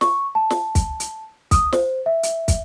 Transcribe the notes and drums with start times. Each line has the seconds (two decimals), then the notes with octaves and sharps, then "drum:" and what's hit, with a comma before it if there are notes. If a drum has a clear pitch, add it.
0.01 C#6, drum: snare
0.35 A5
0.50 drum: snare
0.75 drum: kick, hi-hat
1.00 drum: hi-hat
1.51 D#6, drum: kick, hi-hat
1.73 C5, drum: snare
2.06 E5
2.23 drum: hi-hat
2.48 drum: kick, hi-hat